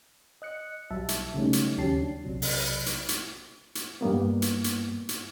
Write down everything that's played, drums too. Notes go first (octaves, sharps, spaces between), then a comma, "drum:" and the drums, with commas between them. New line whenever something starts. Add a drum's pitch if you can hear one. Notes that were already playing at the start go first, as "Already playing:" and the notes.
D#5 F#6 C#7
B1 F#3 G3 E5 A5
drum: hi-hat
C#3 F#3 G3 A3 C#4 D#4
drum: hi-hat
D#2 F#3 C#4 G4 A5 C7
D4
B1 C3 F#3
drum: open hi-hat
drum: hi-hat
drum: hi-hat
drum: hi-hat
G2 G3 A#3 B3
drum: hi-hat
drum: hi-hat
drum: hi-hat